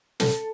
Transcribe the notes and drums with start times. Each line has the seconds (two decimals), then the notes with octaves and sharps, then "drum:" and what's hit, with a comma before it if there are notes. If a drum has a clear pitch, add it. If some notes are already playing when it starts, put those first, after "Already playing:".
0.20 A4, drum: snare